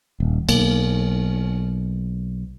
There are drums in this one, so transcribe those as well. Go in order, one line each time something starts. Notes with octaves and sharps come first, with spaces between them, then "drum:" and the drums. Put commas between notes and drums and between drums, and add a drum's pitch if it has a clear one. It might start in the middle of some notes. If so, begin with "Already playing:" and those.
D#1
B1 A#3, drum: cymbal